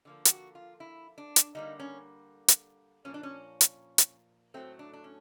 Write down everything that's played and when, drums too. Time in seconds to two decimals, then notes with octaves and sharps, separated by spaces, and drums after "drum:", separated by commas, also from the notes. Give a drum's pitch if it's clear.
0.05 D3 F3 A#3
0.25 G4, drum: hi-hat
0.30 F#4
0.55 F4
0.80 E4
1.18 D4
1.36 drum: hi-hat
1.55 D3 G3 A#3 D#4
1.80 C#4
2.48 drum: hi-hat
3.05 A#2 F3 A#3 C#4
3.14 D4
3.23 C#4
3.61 drum: hi-hat
3.98 drum: hi-hat
4.54 A2 F#3 A3 C4
4.79 D4
4.93 D4
5.04 C#4